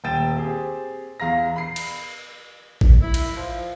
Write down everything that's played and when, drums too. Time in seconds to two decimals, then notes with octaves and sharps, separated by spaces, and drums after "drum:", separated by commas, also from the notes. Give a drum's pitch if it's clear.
0.04 D#1 G5 A6 E7
0.38 C4 G4 G#4
1.20 E2 F5 A#5 A#6
1.56 B5 C7
1.76 drum: cymbal
2.81 drum: kick
3.02 E4
3.14 drum: cymbal
3.36 F3